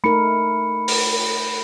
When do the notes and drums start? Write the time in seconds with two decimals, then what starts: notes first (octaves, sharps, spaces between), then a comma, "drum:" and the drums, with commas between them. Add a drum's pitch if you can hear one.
0.04 A3 D#4 A#4 B5 C#7
0.88 drum: open hi-hat